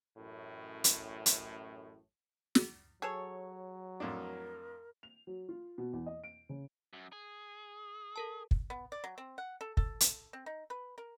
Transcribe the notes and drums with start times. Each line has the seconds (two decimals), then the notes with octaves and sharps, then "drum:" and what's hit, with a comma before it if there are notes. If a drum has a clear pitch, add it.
0.17 A1 F#2 A2
0.84 drum: hi-hat
1.26 drum: hi-hat
2.55 drum: snare
3.02 F#3 G#4 A4 C#5
4.00 F2 A2 D4 A#4
5.03 F7
5.27 F#3
5.49 F4
5.78 B2
5.93 E2
6.06 D#5
6.24 D7
6.49 C#3
6.93 F#2
7.13 G#4
8.16 A4 A#4 A5
8.51 drum: kick
8.70 B3
8.92 D5
9.04 F#3
9.18 C4
9.38 F#5
9.61 A4
9.77 A4, drum: kick
10.00 drum: hi-hat
10.33 C4
10.46 D#4
10.70 B4
10.98 A#4